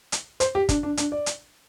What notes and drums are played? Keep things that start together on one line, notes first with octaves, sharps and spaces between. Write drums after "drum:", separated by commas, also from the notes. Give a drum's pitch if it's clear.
drum: hi-hat
C5, drum: hi-hat
G4
D4, drum: kick, hi-hat
D4
D4, drum: hi-hat
D5
drum: hi-hat